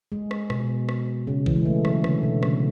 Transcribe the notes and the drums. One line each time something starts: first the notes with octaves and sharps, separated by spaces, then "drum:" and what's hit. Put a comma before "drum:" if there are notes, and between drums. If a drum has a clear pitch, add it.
G#3
drum: rim click
B2, drum: rim click
drum: rim click
C#3
E3, drum: kick A#1
G#3
A3
F#3, drum: rim click
D3, drum: rim click
B2
C#3, drum: rim click